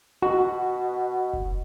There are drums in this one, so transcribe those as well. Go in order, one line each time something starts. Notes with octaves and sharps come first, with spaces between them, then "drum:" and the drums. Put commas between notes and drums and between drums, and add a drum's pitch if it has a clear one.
B2 F#4
drum: kick F1